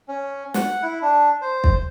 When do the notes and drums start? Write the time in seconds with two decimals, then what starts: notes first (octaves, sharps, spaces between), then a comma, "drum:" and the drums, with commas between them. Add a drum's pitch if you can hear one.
0.08 C#4
0.54 F#5, drum: snare
0.83 E4
1.02 D4
1.42 C5
1.64 drum: kick